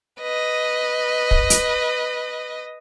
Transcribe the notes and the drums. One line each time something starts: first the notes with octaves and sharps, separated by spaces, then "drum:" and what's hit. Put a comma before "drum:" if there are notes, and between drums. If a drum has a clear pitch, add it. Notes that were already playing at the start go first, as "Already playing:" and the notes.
B4 D#5
drum: kick
drum: hi-hat